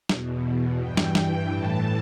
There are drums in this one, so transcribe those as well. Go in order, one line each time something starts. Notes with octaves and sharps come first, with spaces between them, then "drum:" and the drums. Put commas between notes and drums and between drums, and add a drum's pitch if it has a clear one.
E2 B2, drum: snare
G2 E3 G5
drum: snare
drum: snare
A2 E3 A5